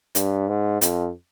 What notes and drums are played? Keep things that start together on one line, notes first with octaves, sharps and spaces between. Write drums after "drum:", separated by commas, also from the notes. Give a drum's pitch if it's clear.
G2, drum: hi-hat
G#2
F2, drum: hi-hat